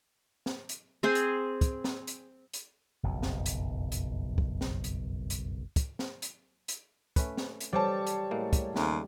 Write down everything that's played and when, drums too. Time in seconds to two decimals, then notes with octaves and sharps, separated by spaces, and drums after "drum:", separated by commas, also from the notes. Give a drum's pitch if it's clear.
0.46 drum: snare
0.69 drum: hi-hat
1.03 C4 G#4 C5
1.15 drum: hi-hat
1.61 drum: kick, hi-hat
1.84 drum: snare
2.07 drum: hi-hat
2.53 drum: hi-hat
3.03 F#1 B1 F2
3.23 drum: snare
3.46 drum: hi-hat
3.92 drum: hi-hat
4.38 drum: kick
4.61 drum: snare
4.84 drum: hi-hat
5.30 drum: hi-hat
5.76 drum: kick, hi-hat
5.99 drum: snare
6.22 drum: hi-hat
6.68 drum: hi-hat
7.16 A3 C#4 B4, drum: kick, hi-hat
7.37 drum: snare
7.61 drum: hi-hat
7.73 G3 C5 C#5 A5
8.07 drum: hi-hat
8.31 A2 G#3 A#3
8.53 drum: kick, hi-hat
8.76 D#2 C#3 A3 C#4, drum: snare